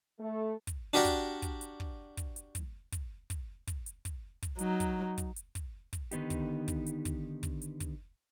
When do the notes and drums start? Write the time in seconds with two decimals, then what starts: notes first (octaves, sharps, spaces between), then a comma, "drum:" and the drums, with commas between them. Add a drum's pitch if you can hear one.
0.20 A3
0.67 drum: kick, hi-hat
0.94 D4 F#4 G4 A#4 D5
1.05 drum: kick, hi-hat
1.42 drum: kick, hi-hat
1.61 drum: hi-hat
1.80 drum: kick
2.17 drum: kick, hi-hat
2.36 drum: hi-hat
2.55 drum: kick, hi-hat
2.92 drum: kick, hi-hat
3.30 drum: kick, hi-hat
3.67 drum: kick, hi-hat
3.86 drum: hi-hat
4.05 drum: kick, hi-hat
4.42 drum: kick, hi-hat
4.59 F#3 D#4, drum: hi-hat
4.80 drum: kick, hi-hat
5.18 drum: kick, hi-hat
5.36 drum: hi-hat
5.55 drum: kick, hi-hat
5.93 drum: kick, hi-hat
6.11 D3 D#3 B3 D#4 G4, drum: hi-hat
6.30 drum: kick, hi-hat
6.68 drum: kick, hi-hat
6.86 drum: hi-hat
7.05 drum: kick, hi-hat
7.43 drum: kick, hi-hat
7.62 drum: hi-hat
7.80 drum: kick, hi-hat